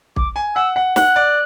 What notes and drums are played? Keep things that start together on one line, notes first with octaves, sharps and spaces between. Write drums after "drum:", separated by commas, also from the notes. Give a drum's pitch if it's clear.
D6, drum: kick
G#5
F#5 E6
F#5
F#5 F#6, drum: snare
D5